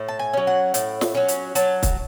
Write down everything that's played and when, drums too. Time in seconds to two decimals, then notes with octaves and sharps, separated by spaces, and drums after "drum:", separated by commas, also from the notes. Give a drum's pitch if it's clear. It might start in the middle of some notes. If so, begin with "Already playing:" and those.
Already playing: A2
0.08 A5
0.19 G#5
0.33 F#3 C#4
0.47 F#5
0.74 A2, drum: hi-hat
1.01 drum: snare
1.15 F#3 C#4
1.28 drum: hi-hat
1.55 F#3 A5, drum: hi-hat
1.83 drum: kick, hi-hat